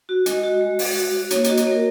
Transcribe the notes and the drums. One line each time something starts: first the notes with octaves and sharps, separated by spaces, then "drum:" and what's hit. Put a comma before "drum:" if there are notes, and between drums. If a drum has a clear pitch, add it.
F#4
G#3 D#5, drum: hi-hat
F#4
G#3
G#3, drum: open hi-hat
F#4
F#4
A#3 C#5, drum: hi-hat
D#5, drum: hi-hat
F#4
C#5, drum: hi-hat
A#3 A#4